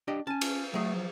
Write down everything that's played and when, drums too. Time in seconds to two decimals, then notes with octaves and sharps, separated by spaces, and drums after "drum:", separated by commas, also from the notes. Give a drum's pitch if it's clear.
0.08 D4 G4 D#5
0.27 C#4 G#5 A5
0.41 drum: cymbal
0.74 F#3 A3 G#4
0.95 F3